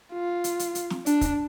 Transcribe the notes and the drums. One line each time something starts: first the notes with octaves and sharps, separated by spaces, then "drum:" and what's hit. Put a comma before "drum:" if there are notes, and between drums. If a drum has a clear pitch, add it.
F4
drum: hi-hat
drum: hi-hat
drum: hi-hat
drum: snare
D4, drum: hi-hat
drum: kick, hi-hat